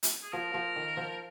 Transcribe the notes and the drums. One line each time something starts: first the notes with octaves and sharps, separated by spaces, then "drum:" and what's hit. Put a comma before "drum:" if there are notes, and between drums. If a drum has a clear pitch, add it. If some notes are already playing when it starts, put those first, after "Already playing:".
drum: hi-hat
G#4
F3 A#4
F3
D#3
F3